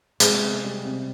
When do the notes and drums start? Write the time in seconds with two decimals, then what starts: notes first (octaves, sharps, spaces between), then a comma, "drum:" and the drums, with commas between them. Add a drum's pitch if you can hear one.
0.20 C3 G#3, drum: hi-hat
0.42 C3
0.64 G3
0.85 C3